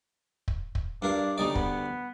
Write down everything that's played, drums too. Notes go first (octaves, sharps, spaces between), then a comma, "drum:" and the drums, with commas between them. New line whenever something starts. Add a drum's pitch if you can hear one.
drum: kick
drum: kick
G2 D4 A#4 F5
D2 G3 D#4 D5
B3, drum: kick